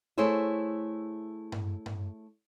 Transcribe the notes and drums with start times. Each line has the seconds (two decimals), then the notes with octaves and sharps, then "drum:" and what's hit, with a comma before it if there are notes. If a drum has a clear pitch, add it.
0.18 A3 E4 G#4 C5 C#5 E5
1.52 drum: tom G2
1.86 drum: tom G2